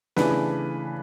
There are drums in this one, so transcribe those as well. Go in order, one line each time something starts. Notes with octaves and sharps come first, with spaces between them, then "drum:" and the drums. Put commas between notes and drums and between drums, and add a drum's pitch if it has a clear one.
C#3 E3 A3 D4 B4, drum: snare